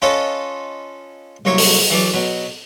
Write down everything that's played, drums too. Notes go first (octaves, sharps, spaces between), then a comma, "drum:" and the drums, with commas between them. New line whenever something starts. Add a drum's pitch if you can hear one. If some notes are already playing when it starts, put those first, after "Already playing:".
C#4 F4 A4 B4 C#5 D#5
C2 F#3 A#3 C#5 C#6
drum: open hi-hat
E3 F#3 D5
B2 F#3